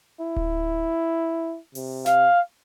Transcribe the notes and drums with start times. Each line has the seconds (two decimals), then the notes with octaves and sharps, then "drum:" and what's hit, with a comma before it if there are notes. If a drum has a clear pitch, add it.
0.21 E4
0.36 drum: kick D1
1.75 C3, drum: open hi-hat
2.06 F5, drum: snare